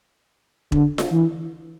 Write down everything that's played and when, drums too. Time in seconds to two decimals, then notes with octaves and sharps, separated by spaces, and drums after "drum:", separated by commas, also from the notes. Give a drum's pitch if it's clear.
0.72 D3, drum: kick E1
0.98 drum: snare F4
1.12 E3